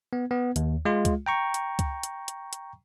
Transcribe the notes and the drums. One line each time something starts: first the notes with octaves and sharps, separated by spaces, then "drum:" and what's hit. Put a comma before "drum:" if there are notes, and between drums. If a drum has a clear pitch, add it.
B3
B3
D#2, drum: hi-hat
G#3 F4
drum: kick C#2, hi-hat
G5 A#5 C#6
drum: hi-hat
drum: kick C#2, hi-hat
drum: hi-hat
drum: hi-hat
drum: hi-hat